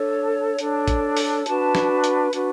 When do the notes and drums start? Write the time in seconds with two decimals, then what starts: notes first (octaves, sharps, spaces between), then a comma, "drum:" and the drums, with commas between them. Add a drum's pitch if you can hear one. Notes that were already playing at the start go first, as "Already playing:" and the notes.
Already playing: D4 A4 C#5
0.59 D4 A4 C#5, drum: hi-hat
0.88 drum: kick, hi-hat
1.17 drum: open hi-hat
1.46 D4 F#4 B4 A5, drum: hi-hat
1.75 drum: snare
2.04 drum: hi-hat
2.33 D4 F#4 B4, drum: hi-hat